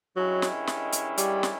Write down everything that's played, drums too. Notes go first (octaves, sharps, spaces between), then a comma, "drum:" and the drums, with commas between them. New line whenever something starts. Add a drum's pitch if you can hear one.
G2 D#3 F#3 G#3 C#4 E4
drum: snare
drum: snare
drum: hi-hat
G3, drum: hi-hat
drum: snare